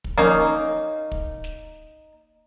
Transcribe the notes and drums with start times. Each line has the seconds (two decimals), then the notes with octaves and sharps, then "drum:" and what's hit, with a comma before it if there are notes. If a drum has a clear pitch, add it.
0.04 drum: kick
0.18 A#3 C#4 D#4, drum: tom F3
1.12 drum: kick
1.44 drum: snare